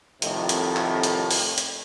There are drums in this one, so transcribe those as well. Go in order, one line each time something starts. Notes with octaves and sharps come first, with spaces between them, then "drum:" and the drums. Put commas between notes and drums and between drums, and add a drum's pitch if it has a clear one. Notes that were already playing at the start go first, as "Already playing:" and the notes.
F2 A2 C3 D#3, drum: hi-hat
drum: hi-hat
drum: clap
drum: hi-hat
drum: open hi-hat
drum: hi-hat